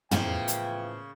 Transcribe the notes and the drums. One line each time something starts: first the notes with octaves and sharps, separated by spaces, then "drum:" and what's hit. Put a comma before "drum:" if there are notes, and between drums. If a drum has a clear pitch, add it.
A2 C#3 E3 F3 A#3 B3 G5 G6, drum: tom
drum: hi-hat